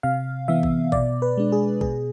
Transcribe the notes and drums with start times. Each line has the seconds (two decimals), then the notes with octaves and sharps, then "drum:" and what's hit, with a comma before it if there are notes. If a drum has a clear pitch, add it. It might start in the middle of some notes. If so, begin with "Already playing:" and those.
0.03 C3 F5
0.48 E3 B3 E5
0.63 drum: kick A1
0.92 B2 D5, drum: kick A1
1.22 B4
1.37 G#3 D4
1.52 G#4
1.81 B2 G#4, drum: kick A1